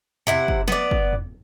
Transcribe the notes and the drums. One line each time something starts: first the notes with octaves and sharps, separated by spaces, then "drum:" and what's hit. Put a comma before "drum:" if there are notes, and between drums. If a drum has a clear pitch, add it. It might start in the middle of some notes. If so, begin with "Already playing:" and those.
C3 E4 F#5, drum: tom E2
drum: kick
B3 D5, drum: snare
drum: kick
drum: tom E2